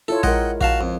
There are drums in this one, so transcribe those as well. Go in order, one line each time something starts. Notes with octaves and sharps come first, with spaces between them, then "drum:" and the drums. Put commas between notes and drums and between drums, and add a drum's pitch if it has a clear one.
E4 F4 A4 C#5
G#3 A#4 D#5 F#5 G5, drum: kick A#1
F#4 F5 A5, drum: kick A#1
F2